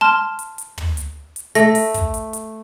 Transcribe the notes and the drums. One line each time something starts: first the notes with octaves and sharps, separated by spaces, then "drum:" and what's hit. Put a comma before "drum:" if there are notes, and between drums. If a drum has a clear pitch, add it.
A5 C6 F6
drum: hi-hat
drum: hi-hat
drum: tom
drum: hi-hat
drum: hi-hat
A3 A#6, drum: hi-hat
drum: open hi-hat
drum: kick, hi-hat
drum: hi-hat
drum: hi-hat